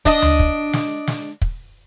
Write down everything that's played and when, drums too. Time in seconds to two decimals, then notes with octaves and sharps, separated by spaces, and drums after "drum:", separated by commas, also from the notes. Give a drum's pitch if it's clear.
0.05 D4 D#5, drum: kick
0.22 drum: tom D2
0.39 drum: kick
0.73 drum: snare
1.07 drum: snare
1.42 drum: kick